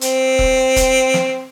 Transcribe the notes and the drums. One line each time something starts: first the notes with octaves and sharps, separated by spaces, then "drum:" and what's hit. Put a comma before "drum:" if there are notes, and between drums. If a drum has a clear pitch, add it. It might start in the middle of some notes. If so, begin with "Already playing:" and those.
C4, drum: hi-hat
drum: kick E1
drum: kick E1, hi-hat
drum: snare